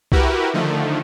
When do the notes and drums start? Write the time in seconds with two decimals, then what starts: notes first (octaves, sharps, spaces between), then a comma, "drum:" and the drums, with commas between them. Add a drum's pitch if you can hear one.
0.12 E4 F#4 G4 A#4 B4, drum: kick C2
0.53 D3 D#3 F3 A3